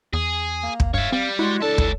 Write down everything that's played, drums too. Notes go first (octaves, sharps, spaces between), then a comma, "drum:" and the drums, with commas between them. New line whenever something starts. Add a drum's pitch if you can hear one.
E2 G#4
A#3
drum: kick
G2 C#5 E5 F5
G3 C4
G#3 E4 F#4
C#2 D4 A4 A5
drum: kick